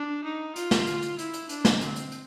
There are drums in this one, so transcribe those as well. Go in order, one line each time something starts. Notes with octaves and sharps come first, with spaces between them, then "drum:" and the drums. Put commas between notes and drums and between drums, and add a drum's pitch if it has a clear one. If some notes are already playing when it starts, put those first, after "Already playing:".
Already playing: D4
D#4
F4, drum: hi-hat
drum: snare
drum: hi-hat
drum: hi-hat
E4, drum: hi-hat
drum: hi-hat
D4, drum: hi-hat
drum: snare
C4, drum: hi-hat
drum: hi-hat
drum: hi-hat